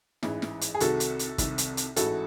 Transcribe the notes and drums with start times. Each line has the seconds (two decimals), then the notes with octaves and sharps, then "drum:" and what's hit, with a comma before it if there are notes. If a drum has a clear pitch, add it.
0.23 A1 G#2 E3, drum: snare
0.42 drum: snare
0.61 drum: hi-hat
0.75 G#4
0.80 C2 C3 D#3 F#4 A4, drum: hi-hat
1.00 drum: hi-hat
1.19 drum: hi-hat
1.38 C2 C3 D#3, drum: kick, hi-hat
1.58 drum: hi-hat
1.77 drum: hi-hat
1.96 A1 G#2 E3 F#4 A4, drum: hi-hat